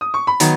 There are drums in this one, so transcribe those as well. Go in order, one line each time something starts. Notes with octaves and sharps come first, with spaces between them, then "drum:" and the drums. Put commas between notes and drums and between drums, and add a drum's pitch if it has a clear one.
D#6
C#6
B5
D#3 F#3 B3 A#5, drum: hi-hat